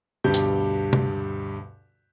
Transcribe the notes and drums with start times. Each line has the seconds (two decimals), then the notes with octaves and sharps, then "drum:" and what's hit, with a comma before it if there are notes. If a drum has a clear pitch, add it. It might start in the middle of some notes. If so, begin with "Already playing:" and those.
0.24 D2 G2 B2 G3 G4 G6
0.34 drum: hi-hat
0.93 drum: tom C3